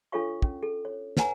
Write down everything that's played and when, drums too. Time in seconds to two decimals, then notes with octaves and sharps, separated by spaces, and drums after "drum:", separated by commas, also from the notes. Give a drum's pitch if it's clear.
0.12 D4 F4 A4 C#5 F5 C#6
0.42 C#4, drum: kick
0.63 A4
0.85 C#5
1.17 B4 C#5 F#5 G#5 A#5, drum: snare